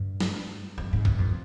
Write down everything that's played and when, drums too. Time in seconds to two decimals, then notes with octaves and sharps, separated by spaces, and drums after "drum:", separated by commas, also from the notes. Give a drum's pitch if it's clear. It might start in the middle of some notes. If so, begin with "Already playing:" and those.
Already playing: G2
0.20 drum: snare
0.78 F2
0.93 G#2
1.05 G2, drum: kick A1
1.19 F2